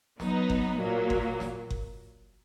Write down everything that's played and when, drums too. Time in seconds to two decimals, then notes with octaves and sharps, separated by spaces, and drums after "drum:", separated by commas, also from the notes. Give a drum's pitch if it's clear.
0.20 F#3 B3 D#4, drum: snare
0.50 drum: kick F#1
0.80 A#2 F#3 A#3
1.10 drum: kick F#1
1.40 drum: snare
1.70 drum: kick F#1